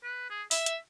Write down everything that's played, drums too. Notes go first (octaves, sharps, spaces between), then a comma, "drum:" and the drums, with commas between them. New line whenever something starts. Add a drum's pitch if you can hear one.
B4
G#4
E5, drum: open hi-hat
drum: hi-hat